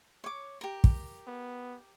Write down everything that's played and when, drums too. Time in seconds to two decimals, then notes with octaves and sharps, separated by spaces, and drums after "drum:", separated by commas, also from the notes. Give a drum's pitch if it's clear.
0.24 C#5 D6
0.61 G4 A#4
0.84 drum: kick
1.27 B3